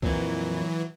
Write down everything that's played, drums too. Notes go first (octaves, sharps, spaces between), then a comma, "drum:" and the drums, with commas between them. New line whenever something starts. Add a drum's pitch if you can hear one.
F2 A#2 E3 F#3, drum: kick C2